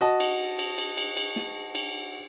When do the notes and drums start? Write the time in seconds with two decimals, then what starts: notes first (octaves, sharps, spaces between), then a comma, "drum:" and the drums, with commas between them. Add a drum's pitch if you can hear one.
0.01 F#4 D#5 A5
0.20 drum: cymbal
0.59 drum: cymbal
0.78 drum: cymbal
0.97 drum: cymbal
1.17 drum: cymbal
1.36 drum: snare
1.75 drum: cymbal